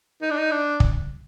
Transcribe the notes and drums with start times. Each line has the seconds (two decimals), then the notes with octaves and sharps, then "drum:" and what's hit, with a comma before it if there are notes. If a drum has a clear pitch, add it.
0.22 D#4
0.30 D4
0.37 D#4
0.52 D4
0.80 drum: kick